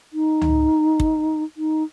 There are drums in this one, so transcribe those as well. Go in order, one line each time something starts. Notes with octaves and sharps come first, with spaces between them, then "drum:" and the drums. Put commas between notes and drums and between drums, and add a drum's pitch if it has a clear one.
D#4
drum: tom C#2
drum: kick
D#4